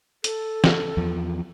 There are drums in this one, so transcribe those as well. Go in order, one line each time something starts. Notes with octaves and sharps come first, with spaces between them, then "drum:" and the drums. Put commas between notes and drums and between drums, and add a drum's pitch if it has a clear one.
A4, drum: hi-hat
drum: snare
E2 F3